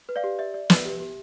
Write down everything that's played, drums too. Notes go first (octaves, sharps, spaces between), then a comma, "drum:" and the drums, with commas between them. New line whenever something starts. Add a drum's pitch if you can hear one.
B4
D5 F5
G4
D5 E5
D5
B4, drum: snare
G4
G4